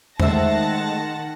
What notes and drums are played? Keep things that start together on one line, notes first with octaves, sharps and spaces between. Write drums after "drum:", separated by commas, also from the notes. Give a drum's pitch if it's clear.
D#3 G#3 A3 C5 E5 F#5 A5 A#6, drum: tom E2